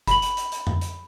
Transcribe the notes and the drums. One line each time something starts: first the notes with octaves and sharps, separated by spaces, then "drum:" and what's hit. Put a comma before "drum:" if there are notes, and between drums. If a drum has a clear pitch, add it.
B5 F#7, drum: kick G1, hi-hat
drum: hi-hat
drum: hi-hat
drum: hi-hat
drum: tom F2
drum: hi-hat